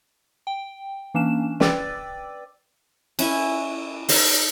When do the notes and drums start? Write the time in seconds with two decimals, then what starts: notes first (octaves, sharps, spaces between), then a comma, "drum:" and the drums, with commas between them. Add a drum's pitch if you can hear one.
0.47 G5
1.14 E3 A#3 C#4 D4 E7
1.60 B4 D5 G5 D6 E6 A6, drum: snare
3.19 C#4 E4 F#5 G#5, drum: cymbal
4.09 D#4 A4 C5, drum: open hi-hat